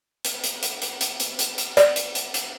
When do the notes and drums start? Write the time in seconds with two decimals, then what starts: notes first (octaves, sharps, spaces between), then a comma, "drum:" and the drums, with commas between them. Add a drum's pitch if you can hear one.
0.25 drum: hi-hat
0.44 drum: hi-hat
0.63 drum: hi-hat
0.82 drum: hi-hat
1.01 drum: hi-hat
1.20 drum: hi-hat
1.39 drum: hi-hat
1.58 drum: hi-hat
1.77 D5, drum: hi-hat
1.96 drum: hi-hat
2.15 drum: hi-hat
2.34 drum: hi-hat